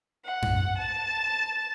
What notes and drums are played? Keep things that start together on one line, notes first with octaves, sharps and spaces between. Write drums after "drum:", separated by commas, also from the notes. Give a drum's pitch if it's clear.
F#5
drum: tom F#2
A5